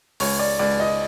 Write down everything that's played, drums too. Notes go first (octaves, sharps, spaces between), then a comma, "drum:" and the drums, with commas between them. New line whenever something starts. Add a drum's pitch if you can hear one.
C#2 C#5, drum: open hi-hat
D5
C#2 D5
D#5